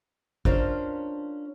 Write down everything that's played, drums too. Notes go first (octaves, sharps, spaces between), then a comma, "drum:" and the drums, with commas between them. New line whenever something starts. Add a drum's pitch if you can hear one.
C#4 D4 F4 A#4 C5, drum: kick